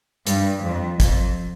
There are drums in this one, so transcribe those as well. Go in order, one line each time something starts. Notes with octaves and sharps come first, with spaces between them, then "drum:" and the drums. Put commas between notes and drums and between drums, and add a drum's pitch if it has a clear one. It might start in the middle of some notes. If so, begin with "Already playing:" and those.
G2, drum: hi-hat
F2
F2, drum: kick, hi-hat